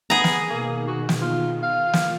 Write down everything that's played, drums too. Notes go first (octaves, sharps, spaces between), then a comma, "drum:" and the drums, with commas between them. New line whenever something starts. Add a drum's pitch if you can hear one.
B3 G#4 A#5
drum: snare
B2 D#3 A#3
F#4
drum: snare
F4
F4 F5
drum: snare